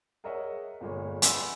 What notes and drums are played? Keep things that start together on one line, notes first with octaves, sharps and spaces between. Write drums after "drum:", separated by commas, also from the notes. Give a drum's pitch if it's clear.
G#4 A#4 C#5 D#5 E5 F#5
G1 A#2 G#3 C#5
E5 F#5 G#5 B5 C6 E6, drum: hi-hat